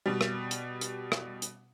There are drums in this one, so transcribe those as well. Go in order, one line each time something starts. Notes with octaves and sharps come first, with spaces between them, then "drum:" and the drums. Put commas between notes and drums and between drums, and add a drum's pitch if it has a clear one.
B2 G3
drum: rim click
drum: hi-hat
drum: hi-hat
drum: rim click
drum: hi-hat